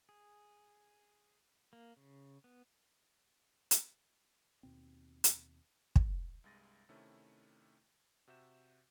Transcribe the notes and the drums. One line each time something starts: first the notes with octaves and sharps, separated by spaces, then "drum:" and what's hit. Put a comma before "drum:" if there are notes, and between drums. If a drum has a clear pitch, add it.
G#4
A#3
C#3
B3
drum: hi-hat
D#2 B2 C4
drum: hi-hat
drum: kick
C2 G2 G#3 A6 A#6 D#7
C3 D#3 A3 C#4 E4
C3 F#4 E5 G6 E7